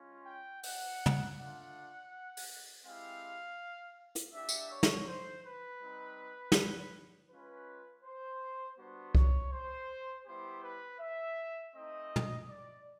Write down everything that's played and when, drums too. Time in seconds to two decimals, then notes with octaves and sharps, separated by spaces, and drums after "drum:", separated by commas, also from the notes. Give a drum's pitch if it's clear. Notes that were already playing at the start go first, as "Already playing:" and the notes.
Already playing: G#3 C#4 F4
0.26 G5
0.63 F#5, drum: open hi-hat
1.06 drum: tom
1.37 A3 D4 F4 F#5
2.37 drum: open hi-hat
2.85 G#3 C4 E4 G4 F5
4.16 drum: hi-hat
4.33 A#3 D4 G4 E5
4.49 drum: tambourine
4.70 C#5
4.83 drum: snare
5.07 C5
5.45 B4
5.82 G3 C4 D#4
6.52 drum: snare
7.30 G#3 C#4 F4 B4
8.04 C5
8.78 G3 B3 D4 F#4 C5
9.15 C#5, drum: kick C2
9.52 C5
10.26 G3 B3 E4 G4 C5
10.63 B4
11.00 E5
11.74 A3 C4 D#4 D#5
12.16 drum: tom
12.48 D5